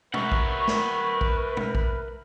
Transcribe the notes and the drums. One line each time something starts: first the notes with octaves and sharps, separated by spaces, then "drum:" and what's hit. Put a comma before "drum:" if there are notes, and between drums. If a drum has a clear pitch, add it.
A#4 B4 E5 F#5 C#6, drum: tom
drum: kick A#1
drum: snare
drum: kick A#1
drum: tom
drum: kick A#1